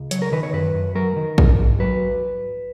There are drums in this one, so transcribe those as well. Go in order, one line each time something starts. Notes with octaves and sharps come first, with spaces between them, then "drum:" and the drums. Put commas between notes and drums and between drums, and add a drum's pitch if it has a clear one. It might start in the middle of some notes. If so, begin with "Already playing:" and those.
Already playing: C#2
F#3 C#5, drum: hi-hat
A#4
D#3 B4
C#5
F#2 B4
F#2
F#3 A#4
D#3
G#2, drum: kick A#1
G#2
F#3 B4